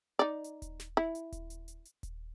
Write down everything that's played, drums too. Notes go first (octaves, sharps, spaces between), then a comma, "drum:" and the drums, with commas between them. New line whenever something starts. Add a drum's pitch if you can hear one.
D#4 D5
drum: hi-hat
drum: kick D#1, hi-hat
drum: snare
E4
drum: hi-hat
drum: kick D#1, hi-hat
drum: hi-hat
drum: hi-hat
drum: hi-hat
drum: kick D#1, hi-hat